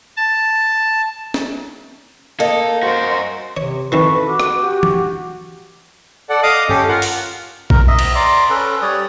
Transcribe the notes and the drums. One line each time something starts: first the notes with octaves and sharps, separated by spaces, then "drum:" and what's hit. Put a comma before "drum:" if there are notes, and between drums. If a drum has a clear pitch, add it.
A5
drum: snare
A#3 D#4 A4
F#4 A#4 C5
C3 C#5
F2 D#3 E3 A4 B4 C#6
F#4 D6
drum: rim click
F#4 G4
drum: tom E3
A4 D5 F#5
D#5 F5 D6 D#6
C#4 G4 A4, drum: tom G2
F4 A#4 F#5
drum: open hi-hat
A#4, drum: kick B1
D#5 E5
drum: cymbal
D5 A#5 C6 D6
C#4 A4 B4
G3 C#5 D5 D#6